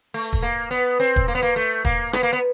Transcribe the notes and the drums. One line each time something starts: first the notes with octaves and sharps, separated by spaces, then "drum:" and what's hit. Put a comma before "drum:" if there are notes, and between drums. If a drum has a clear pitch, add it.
A3
drum: kick
A#3
B3
C4
drum: kick
A#3
B3
A#3
A3
A#3, drum: kick
B3, drum: rim click
A#3
B3